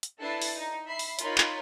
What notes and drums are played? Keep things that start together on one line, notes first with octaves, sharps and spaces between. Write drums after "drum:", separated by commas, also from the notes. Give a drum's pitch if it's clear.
drum: hi-hat
D4 E4 A4 B4 A6 C7
drum: open hi-hat
D#4
E5 B5 C7
drum: open hi-hat
D#4 F4 A#4 C#5 B5 C6, drum: hi-hat
drum: clap